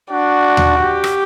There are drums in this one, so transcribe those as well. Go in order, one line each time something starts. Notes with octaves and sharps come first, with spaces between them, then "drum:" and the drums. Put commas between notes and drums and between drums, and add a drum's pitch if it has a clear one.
D4 F#4
drum: tom D#2
G4
drum: rim click